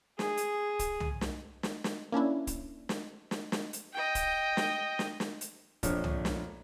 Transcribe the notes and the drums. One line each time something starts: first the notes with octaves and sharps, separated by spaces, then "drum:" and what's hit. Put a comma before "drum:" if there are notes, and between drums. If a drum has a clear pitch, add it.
G#4, drum: snare
drum: hi-hat
drum: kick, hi-hat
drum: tom
drum: snare
drum: snare
drum: snare
A#3 C#4 D4 E4
drum: kick, hi-hat
drum: snare
drum: snare
drum: snare
drum: hi-hat
D#5 G5
drum: kick, hi-hat
drum: snare
drum: snare
drum: snare
drum: hi-hat
A#1 F2 D4 C5 C#5 C#6, drum: kick, hi-hat
drum: tom
drum: snare